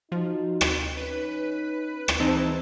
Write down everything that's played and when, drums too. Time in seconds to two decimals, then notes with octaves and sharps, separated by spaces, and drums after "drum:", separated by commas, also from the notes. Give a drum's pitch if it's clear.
0.12 F3 D#4 F#4
0.61 drum: rim click
0.97 C#4 D#4 B4
2.08 drum: rim click
2.20 E3 C4 D#4 G#4 B4 C5 A5